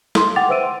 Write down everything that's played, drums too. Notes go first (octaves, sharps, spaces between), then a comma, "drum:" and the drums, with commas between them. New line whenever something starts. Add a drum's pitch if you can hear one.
A4 C6, drum: snare
F#5 G5 D6 A6 F7
B4 C5 E5 E6 D7 D#7
C6